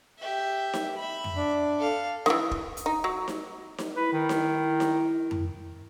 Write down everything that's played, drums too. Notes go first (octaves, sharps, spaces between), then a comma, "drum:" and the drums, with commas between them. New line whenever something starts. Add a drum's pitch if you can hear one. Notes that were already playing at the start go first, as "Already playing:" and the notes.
G4 E5
drum: snare D#4
E5 B5
drum: tom F2
D4
A4 F5
D#3 E3, drum: snare D#4
drum: kick
drum: hi-hat
D#4
F#3
drum: snare D#4
drum: snare D#4
E4 B4
D#3
drum: snare D#4
drum: snare D#4
drum: tom F2